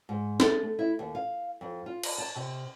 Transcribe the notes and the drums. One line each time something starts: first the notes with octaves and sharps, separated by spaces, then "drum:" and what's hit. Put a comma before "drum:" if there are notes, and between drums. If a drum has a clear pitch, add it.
G#2
A4, drum: snare C#4
A3
E4
D#2
F5
F2
F4
drum: cymbal
A5
C3